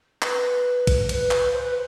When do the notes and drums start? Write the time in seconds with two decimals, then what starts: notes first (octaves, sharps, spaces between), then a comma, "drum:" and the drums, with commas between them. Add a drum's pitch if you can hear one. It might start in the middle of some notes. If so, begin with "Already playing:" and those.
0.22 B4, drum: clap
0.87 drum: kick, cymbal
1.09 C5, drum: cymbal
1.13 B4
1.31 drum: clap
1.52 C5
1.63 B4